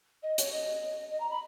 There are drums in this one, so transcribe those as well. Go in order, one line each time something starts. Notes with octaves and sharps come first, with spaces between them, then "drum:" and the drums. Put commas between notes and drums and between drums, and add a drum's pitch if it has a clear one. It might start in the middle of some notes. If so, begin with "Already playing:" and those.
D#5
C#5, drum: hi-hat
D#5
D#5
A#5
B5